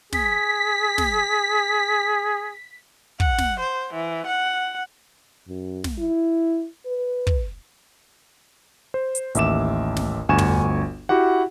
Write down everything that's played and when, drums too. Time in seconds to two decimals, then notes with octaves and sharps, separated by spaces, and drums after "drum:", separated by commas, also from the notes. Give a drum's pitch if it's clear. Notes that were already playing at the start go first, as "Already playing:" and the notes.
0.13 G#4 B6, drum: snare
0.98 drum: snare
3.20 F#5, drum: kick
3.38 drum: snare
3.60 C5
3.94 E3
4.27 F#5
5.48 F#2
5.84 drum: snare
5.99 E4
6.86 B4
7.27 drum: kick
8.94 C5
9.15 drum: hi-hat
9.35 A1 D#2 E5 D6 E7, drum: hi-hat
9.97 drum: snare
10.29 G1 D2 G#5 C#6 E7
10.38 drum: tom
11.09 E4 F#4 G4 F#5